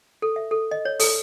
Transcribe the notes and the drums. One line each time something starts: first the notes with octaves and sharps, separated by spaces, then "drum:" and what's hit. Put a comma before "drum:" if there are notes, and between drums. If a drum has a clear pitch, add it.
A4
E5
A4
D#5
C#5
A4, drum: open hi-hat